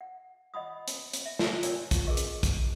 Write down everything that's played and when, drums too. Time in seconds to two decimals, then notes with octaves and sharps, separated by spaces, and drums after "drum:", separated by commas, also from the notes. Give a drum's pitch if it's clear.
0.01 F#5
0.54 D#5 F#5 B5 D#6
0.88 drum: hi-hat
1.13 drum: hi-hat
1.25 E5
1.39 F4 C5 G#5 A#5, drum: snare
1.63 A#4 C#5 D5 G5 G#5, drum: hi-hat
1.91 drum: kick, hi-hat
2.07 G#4 A#4 B4 D#5 C#6
2.17 drum: hi-hat
2.43 drum: kick, hi-hat